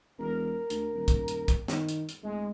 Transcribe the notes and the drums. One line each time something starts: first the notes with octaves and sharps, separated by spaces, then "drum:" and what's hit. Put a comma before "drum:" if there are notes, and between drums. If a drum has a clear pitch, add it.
E1 A#4
D2, drum: hi-hat
D#1
drum: kick, hi-hat
drum: hi-hat
drum: kick, hi-hat
D#3, drum: snare
drum: hi-hat
drum: hi-hat
D1 G#3